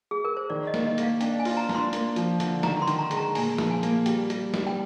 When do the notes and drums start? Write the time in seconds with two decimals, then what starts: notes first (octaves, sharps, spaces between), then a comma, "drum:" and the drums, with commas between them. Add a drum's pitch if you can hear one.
0.11 G#4
0.25 A#4
0.37 C5
0.50 D#3 D5
0.67 D#5
0.74 A#3, drum: snare
0.86 D#5
0.98 A#3 F5, drum: hi-hat
1.21 D4 G5, drum: hi-hat
1.39 G#5
1.45 F4, drum: open hi-hat
1.57 A#5
1.69 D4, drum: snare
1.75 C6
1.93 A#3, drum: hi-hat
2.16 F3, drum: hi-hat
2.40 D3, drum: hi-hat
2.63 D#3 A#5, drum: snare
2.82 C6
2.87 D#3, drum: hi-hat
2.99 A#5
3.11 G#3, drum: hi-hat
3.18 A#5
3.35 A#2 G#5, drum: open hi-hat
3.58 F3, drum: snare
3.71 G#5
3.83 A#3, drum: hi-hat
4.06 G3 G5, drum: hi-hat
4.30 G3, drum: hi-hat
4.54 G3, drum: snare
4.67 G5